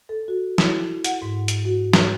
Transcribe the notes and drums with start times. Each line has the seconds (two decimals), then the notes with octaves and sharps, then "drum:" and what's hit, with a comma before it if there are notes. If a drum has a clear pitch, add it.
0.09 A4
0.28 F#4
0.58 E4, drum: snare
1.04 F#5, drum: hi-hat
1.22 G#2
1.48 drum: hi-hat
1.65 F#4
1.93 A#5, drum: snare